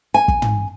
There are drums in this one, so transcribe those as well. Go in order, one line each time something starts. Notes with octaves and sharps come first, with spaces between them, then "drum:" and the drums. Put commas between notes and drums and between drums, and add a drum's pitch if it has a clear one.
G#5
drum: kick
drum: tom